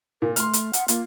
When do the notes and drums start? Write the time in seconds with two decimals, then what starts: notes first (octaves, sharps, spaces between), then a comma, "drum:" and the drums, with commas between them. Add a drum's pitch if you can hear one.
0.22 A#2 A#4
0.36 A3 C6 F6, drum: hi-hat
0.53 drum: hi-hat
0.73 F#5, drum: hi-hat
0.88 A#3 F4, drum: hi-hat